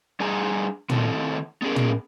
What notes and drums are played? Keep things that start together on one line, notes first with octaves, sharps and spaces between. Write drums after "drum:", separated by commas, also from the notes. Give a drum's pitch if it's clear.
G3 D4 G#4 G#5 A#5
D#3 F#3 A3 C4 E4 A4, drum: tom
B3 C#4 G#4 A#4
drum: tom